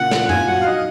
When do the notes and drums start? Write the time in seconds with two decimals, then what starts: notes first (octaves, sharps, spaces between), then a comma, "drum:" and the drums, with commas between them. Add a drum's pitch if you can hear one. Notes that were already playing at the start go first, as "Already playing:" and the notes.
Already playing: A#2 C#3 F#5
0.11 F3, drum: snare
0.29 F4 G#5, drum: tom
0.47 F#3 F#5
0.61 F5
0.66 D#4 D#5